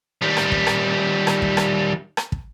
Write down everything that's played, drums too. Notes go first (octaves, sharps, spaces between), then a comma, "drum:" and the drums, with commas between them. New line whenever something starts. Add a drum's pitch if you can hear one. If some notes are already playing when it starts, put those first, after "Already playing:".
D#3 G3
drum: rim click
drum: kick
drum: rim click
drum: rim click
drum: kick
drum: rim click
drum: rim click
drum: kick